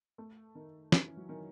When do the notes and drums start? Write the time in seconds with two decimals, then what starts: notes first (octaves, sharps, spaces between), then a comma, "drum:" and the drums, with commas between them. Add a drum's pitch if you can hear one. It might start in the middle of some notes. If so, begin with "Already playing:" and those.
0.18 A3
0.55 D#3
0.92 E3 C#4, drum: snare
1.17 F#3
1.29 D#3